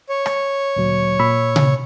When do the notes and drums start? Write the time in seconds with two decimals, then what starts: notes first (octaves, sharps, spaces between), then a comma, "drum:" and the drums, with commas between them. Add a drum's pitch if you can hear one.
0.09 C#5
0.26 drum: rim click
0.76 D2 A#2 F#3
1.19 A#2 B5 E6
1.56 drum: tom C3